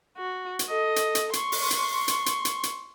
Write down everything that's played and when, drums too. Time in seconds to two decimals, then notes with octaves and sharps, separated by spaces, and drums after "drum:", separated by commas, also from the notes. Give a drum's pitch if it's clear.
0.17 F#4
0.59 drum: hi-hat
0.69 A4 D#5
0.96 drum: hi-hat
1.15 drum: hi-hat
1.33 C6 C#6, drum: hi-hat
1.52 drum: open hi-hat
1.71 drum: hi-hat
2.08 drum: hi-hat
2.26 drum: hi-hat
2.45 drum: hi-hat
2.63 drum: hi-hat